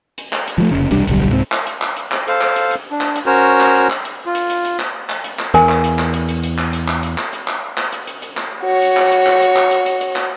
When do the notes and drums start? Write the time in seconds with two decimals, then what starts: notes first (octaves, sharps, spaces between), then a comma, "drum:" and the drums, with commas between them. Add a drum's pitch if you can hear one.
0.18 drum: hi-hat
0.33 drum: clap
0.48 drum: hi-hat
0.58 F3 F#3 A3
0.71 F1 C#3
0.91 E1 C2 G3 D4, drum: hi-hat
1.07 D1 B1 D3 G3, drum: hi-hat
1.29 C2 G#2 C4
1.52 drum: clap
1.67 drum: hi-hat
1.82 drum: clap
1.97 drum: hi-hat
2.11 drum: clap
2.28 A4 C5 F5, drum: hi-hat
2.41 drum: clap
2.56 drum: hi-hat
2.71 drum: hi-hat
2.91 D4
3.01 drum: clap
3.16 drum: hi-hat
3.26 C#4 F#4 A#4 C5 C#5
3.60 drum: clap
3.75 drum: hi-hat
3.90 drum: clap
4.05 drum: hi-hat
4.26 F4
4.35 drum: hi-hat
4.50 drum: hi-hat
4.65 drum: hi-hat
4.80 drum: clap
5.09 drum: clap
5.24 drum: hi-hat
5.39 drum: clap
5.54 E2 A#4 G#5, drum: hi-hat
5.69 drum: clap
5.84 drum: hi-hat
5.99 drum: clap
6.14 drum: hi-hat
6.29 drum: hi-hat
6.43 drum: hi-hat
6.58 drum: clap
6.73 drum: hi-hat
6.88 drum: clap
7.03 drum: hi-hat
7.18 drum: clap
7.33 drum: hi-hat
7.48 drum: clap
7.78 drum: clap
7.92 drum: hi-hat
8.07 drum: hi-hat
8.22 drum: hi-hat
8.37 drum: clap
8.64 F#4 C#5
8.82 drum: hi-hat
8.97 drum: clap
9.12 drum: hi-hat
9.27 drum: clap
9.41 drum: hi-hat
9.56 drum: clap
9.71 drum: hi-hat
9.86 drum: hi-hat
10.01 drum: hi-hat
10.16 drum: clap